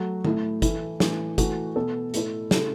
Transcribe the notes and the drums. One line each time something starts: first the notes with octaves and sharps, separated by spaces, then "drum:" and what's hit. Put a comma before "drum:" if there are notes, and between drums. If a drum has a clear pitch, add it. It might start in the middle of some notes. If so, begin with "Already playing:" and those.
Already playing: F#3 A3 F#4
A2 A3 E4, drum: tom
E3 A3 E4, drum: kick, hi-hat
A2 E3 A3, drum: snare
E3 A3 F#4, drum: kick, hi-hat
B2 B3 A4
A2 A3 E4 A4, drum: hi-hat
C#3 A3 E4 A4, drum: snare